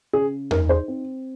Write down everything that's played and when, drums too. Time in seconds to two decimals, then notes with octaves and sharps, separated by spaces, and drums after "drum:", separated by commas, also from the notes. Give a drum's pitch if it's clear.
0.13 C#3 G#4
0.51 D#4 A#4, drum: tom E2
0.69 G#4 C5
0.88 C4